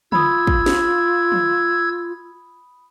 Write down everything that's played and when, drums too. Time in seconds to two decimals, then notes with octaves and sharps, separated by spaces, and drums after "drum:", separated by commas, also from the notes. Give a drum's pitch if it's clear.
0.12 F4 B5 D#6 E6 G#6, drum: tom
0.47 drum: kick
0.66 drum: snare
1.32 drum: tom